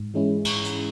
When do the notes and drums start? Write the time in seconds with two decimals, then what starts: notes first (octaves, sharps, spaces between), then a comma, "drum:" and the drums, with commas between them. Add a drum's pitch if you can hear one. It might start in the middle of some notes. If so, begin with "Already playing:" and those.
Already playing: G#2
0.14 E3 G#3 C#4 E4
0.45 G#2, drum: cymbal
0.64 drum: hi-hat